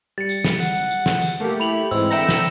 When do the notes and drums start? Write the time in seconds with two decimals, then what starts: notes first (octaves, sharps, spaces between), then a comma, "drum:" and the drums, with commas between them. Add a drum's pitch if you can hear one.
0.18 G3 A6 C#7
0.29 drum: tambourine
0.44 drum: snare
0.60 F#5, drum: tambourine
0.75 drum: tambourine
0.90 drum: tambourine
1.06 drum: snare
1.21 drum: tambourine
1.40 A3 A#3 G4
1.60 E4 B5 F7 F#7
1.91 G#2 E3 G#3 C4 E6
2.11 D3 E5 G5 A#5 A#6 C#7 E7, drum: tambourine
2.29 drum: snare